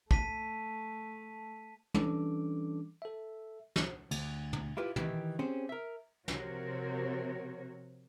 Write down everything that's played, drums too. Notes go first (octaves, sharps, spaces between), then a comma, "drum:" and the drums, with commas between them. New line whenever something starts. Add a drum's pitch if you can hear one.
A3 A5 B6 D#7, drum: kick
E3 G3 C#4 D4 A4 D6, drum: tom
A4 E5
drum: snare
D2, drum: cymbal
drum: tom
E4 F4 G4 B4
D#3 E3 F#3 E4 G4, drum: tom
C4 C#4 G4 G#4 C5
A#4 E5
C3 F3 C4 F#4 A#4 C#5, drum: snare